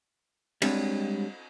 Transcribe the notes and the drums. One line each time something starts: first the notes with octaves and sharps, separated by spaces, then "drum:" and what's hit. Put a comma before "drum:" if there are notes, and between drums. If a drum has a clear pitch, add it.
G3 G#3 C4 D4 C#5, drum: cymbal